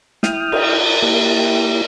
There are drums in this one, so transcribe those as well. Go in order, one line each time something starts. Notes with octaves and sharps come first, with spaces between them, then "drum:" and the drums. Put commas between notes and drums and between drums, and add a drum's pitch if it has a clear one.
E4 G5 D#6 F6, drum: snare
drum: cymbal
A#3 E4 G4